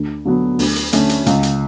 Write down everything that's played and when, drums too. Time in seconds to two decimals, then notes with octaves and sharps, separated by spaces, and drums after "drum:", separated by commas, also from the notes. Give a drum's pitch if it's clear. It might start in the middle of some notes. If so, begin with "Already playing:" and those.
Already playing: D2
0.25 D3 F#3 B3
0.59 D2, drum: open hi-hat
0.76 drum: hi-hat
0.93 D3 A3 C#4, drum: hi-hat
1.09 drum: hi-hat
1.26 C#2, drum: hi-hat
1.43 drum: hi-hat